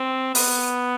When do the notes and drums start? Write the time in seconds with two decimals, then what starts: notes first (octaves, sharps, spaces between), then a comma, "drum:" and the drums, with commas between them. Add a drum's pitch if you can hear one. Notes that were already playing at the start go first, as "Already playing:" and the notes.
Already playing: C4
0.35 B3, drum: open hi-hat